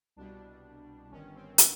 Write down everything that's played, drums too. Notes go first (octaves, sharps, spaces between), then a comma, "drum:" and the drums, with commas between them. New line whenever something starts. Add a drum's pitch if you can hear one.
C2 B2 G3 D4
G1 G2 D#3 C#4
C4
B3, drum: hi-hat